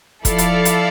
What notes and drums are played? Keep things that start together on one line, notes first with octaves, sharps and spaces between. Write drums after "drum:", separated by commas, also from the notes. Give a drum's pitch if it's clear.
F3 E4 A4 D5 F5, drum: kick E1, hi-hat
drum: hi-hat
drum: hi-hat